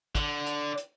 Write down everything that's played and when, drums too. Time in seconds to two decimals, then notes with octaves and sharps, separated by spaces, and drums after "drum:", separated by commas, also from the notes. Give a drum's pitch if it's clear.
0.15 D3, drum: kick, hi-hat
0.47 drum: hi-hat
0.78 drum: hi-hat